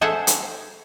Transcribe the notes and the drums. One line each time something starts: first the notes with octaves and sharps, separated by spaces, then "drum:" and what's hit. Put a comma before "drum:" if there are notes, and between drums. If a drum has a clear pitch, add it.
G#4 A4 C5 E5 F#5
drum: hi-hat